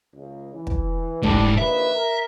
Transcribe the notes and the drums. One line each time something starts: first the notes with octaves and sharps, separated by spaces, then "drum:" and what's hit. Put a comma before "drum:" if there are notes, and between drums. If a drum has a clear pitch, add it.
C#2
E3
drum: kick
G#2 G3 A3 D4 A4, drum: kick
A#1 D#2 B4 E5
A#4